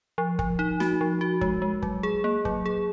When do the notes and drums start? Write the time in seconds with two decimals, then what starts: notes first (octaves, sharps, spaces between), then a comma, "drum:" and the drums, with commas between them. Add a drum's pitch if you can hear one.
0.18 F3
0.39 F3, drum: kick
0.59 D#4
0.80 F#4, drum: snare
1.01 F3
1.21 F#4
1.41 G#3, drum: kick
1.62 G#3
1.82 F#3, drum: kick
2.03 G#4
2.24 A#3
2.45 F#3, drum: kick
2.66 G#4